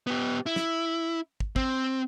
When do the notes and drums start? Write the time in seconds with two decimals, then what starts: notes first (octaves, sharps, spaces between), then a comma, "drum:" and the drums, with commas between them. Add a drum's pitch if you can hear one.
0.07 B3 G4
0.46 E4
0.56 drum: snare
1.40 drum: kick
1.56 C4, drum: kick